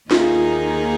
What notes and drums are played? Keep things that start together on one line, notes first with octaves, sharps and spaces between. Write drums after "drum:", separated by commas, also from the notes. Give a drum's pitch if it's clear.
D#2 D#3 A#3 D#4 F4 G#4, drum: snare